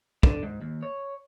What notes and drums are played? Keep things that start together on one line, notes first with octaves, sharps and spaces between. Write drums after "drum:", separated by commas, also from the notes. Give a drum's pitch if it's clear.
D3, drum: kick
G#2
D#2
C#5